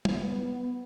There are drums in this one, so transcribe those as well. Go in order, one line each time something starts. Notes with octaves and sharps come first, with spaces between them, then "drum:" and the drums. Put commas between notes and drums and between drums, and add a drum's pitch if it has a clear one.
B3, drum: tom